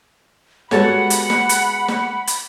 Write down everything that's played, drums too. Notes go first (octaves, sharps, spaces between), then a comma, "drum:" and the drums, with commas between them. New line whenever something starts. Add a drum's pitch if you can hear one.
G3 G#3 B3 F#4 A4 C#5 F#5 B5, drum: snare
drum: hi-hat
drum: snare
drum: hi-hat
drum: snare
drum: hi-hat